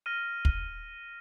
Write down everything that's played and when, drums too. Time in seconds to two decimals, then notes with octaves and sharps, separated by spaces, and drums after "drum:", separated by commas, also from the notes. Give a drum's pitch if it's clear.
0.06 F6 A#6 D#7
0.45 drum: kick